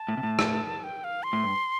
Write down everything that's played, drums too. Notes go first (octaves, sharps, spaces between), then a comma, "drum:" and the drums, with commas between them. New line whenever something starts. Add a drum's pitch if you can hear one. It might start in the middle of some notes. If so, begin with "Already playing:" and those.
Already playing: A5
A2
C3
A2
drum: rim click
G5
F5
C6
A2
G2